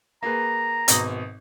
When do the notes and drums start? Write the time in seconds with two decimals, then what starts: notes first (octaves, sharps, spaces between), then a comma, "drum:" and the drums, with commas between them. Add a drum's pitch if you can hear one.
0.23 A#3 G#4 B4 A#5
0.88 G#1 B2 D#6, drum: hi-hat